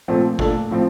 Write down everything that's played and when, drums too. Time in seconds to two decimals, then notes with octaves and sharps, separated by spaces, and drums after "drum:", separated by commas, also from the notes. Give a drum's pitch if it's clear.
0.08 A#2 F3 A3 C4
0.39 A#2 A3 D4 A4, drum: kick
0.71 A2 F3 C4